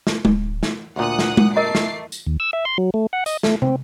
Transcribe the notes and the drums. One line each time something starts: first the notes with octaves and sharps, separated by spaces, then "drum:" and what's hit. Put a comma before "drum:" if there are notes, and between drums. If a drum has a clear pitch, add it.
drum: snare
D1, drum: tom G#3
drum: snare
D2 A#2 F#5 D#6 F#6
drum: snare
drum: tom G#3
A3 A#4 D#5 A#5 D6 C7
drum: snare
drum: tambourine
D#2
E6
E5
C6
F#3
A3
F#5
D#5, drum: tambourine
A3, drum: snare
C4, drum: tom